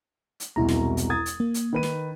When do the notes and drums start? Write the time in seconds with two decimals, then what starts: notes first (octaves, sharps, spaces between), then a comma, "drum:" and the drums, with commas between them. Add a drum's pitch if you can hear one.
0.40 drum: hi-hat
0.56 E1 C2 B2 E4 A#5
0.68 drum: snare
0.97 drum: hi-hat
1.10 D#6 G#6 A6
1.26 drum: hi-hat
1.40 A#3
1.54 drum: hi-hat
1.73 D#3 B4 D#7
1.83 drum: snare